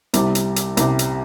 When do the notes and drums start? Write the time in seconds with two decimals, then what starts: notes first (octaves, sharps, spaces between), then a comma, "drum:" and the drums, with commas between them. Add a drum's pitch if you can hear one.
0.14 C2 C3 G3, drum: hi-hat
0.35 drum: hi-hat
0.56 drum: hi-hat
0.77 C2 C3 G3, drum: hi-hat
0.99 drum: hi-hat